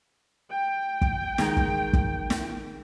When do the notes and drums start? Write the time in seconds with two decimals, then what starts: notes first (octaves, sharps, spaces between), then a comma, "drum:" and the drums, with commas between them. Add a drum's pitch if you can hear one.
0.51 G5
1.01 drum: kick
1.38 D#3 G#3 D#4, drum: snare
1.57 drum: kick
1.93 drum: kick
2.30 drum: snare